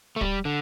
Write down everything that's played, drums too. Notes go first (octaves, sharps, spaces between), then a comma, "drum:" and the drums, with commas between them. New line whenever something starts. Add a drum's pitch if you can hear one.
A3
G3, drum: kick
D3